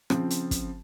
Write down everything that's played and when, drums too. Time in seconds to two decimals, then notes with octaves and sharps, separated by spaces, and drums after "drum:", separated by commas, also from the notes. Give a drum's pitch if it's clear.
0.10 C#3 F3 C4, drum: rim click
0.30 drum: hi-hat
0.51 drum: kick, hi-hat